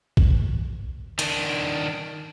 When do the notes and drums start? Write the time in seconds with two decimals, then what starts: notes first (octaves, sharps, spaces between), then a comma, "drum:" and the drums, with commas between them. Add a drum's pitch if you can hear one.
0.17 drum: kick A1
1.19 D#3 D4, drum: hi-hat